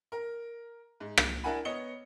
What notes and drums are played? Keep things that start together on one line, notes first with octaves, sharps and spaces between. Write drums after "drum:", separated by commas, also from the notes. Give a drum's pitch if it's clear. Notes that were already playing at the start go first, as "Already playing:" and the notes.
A#4
G#2
drum: rim click
D4 E4 A#4 F#5 G#5 B5
B3 C#5 D#5 C#7 G7